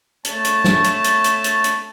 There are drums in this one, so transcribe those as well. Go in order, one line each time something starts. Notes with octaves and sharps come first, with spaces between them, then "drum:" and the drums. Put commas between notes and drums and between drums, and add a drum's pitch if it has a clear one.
A3 C#5 A5, drum: hi-hat
drum: hi-hat
drum: snare
drum: hi-hat
drum: hi-hat
drum: hi-hat
drum: hi-hat
drum: hi-hat